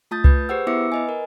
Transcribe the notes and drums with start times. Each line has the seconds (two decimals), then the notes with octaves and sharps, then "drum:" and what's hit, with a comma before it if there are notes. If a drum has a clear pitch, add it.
0.11 A3 F4 A5 D#6 G6 A6
0.24 B4 G6, drum: kick C2
0.49 G4 G#4 B4 C5 F#5 E6
0.67 B3 E4 E5 D6 E6 C#7
0.92 B4 D#5 G#5
1.09 A#4